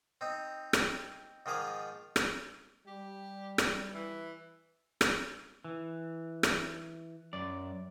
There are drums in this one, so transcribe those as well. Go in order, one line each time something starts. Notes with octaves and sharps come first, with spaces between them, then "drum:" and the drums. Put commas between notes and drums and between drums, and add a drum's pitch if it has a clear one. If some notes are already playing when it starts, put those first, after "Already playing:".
C4 D#4
drum: rim click
G#2 D#3 F3 G#4 A#5 D6
drum: rim click
G3 G4
drum: rim click
E3
drum: rim click
E3
drum: rim click
F#2 D5